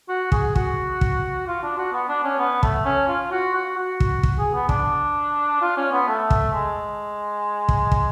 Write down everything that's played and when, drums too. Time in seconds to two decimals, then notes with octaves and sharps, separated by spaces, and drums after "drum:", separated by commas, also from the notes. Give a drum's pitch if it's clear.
0.09 F#4
0.32 G#4, drum: kick
0.56 F#4, drum: kick
1.01 drum: kick
1.47 F4
1.63 D4
1.78 F#4
1.93 B3
2.09 D4
2.24 C#4
2.39 B3
2.63 A3, drum: kick
2.86 C#4
3.08 F4
3.32 F#4
3.54 F#4
3.78 F#4
4.00 drum: kick
4.23 drum: kick
4.38 G#4
4.54 B3
4.69 D4, drum: kick
5.61 F4
5.77 C#4
5.92 B3
6.08 A3
6.30 drum: kick
6.53 G#3
7.69 drum: kick
7.92 drum: kick